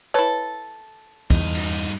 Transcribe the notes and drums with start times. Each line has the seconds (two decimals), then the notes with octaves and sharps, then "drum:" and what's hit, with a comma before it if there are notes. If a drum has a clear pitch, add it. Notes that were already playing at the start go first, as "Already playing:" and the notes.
0.14 E4 A4 B4 C#5
1.30 E2 G2 D#4, drum: kick
1.55 drum: cymbal